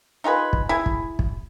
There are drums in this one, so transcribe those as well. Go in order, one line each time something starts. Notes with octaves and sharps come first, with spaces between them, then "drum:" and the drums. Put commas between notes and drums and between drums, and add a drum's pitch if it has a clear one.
D#4 F4 G#4 B4
drum: kick
E4 G#4
drum: kick
drum: kick